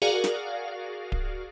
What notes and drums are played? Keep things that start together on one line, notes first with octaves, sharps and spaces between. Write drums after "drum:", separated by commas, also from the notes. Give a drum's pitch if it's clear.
F#4 G#4 A#4 D5 F5
drum: snare
drum: kick D1